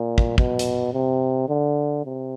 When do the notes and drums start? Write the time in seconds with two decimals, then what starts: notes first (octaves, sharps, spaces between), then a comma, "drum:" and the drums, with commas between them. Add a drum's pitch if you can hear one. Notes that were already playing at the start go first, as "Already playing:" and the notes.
Already playing: A#2
0.18 drum: kick
0.38 B2, drum: kick
0.59 drum: hi-hat
0.93 C3
1.49 D3
2.05 C3